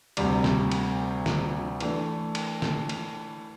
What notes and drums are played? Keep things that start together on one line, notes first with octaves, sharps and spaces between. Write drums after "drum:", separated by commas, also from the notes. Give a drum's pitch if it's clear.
D2 C3 G3, drum: cymbal
drum: snare
drum: cymbal
drum: snare
E3 A3 D4, drum: cymbal
drum: cymbal
drum: snare
drum: cymbal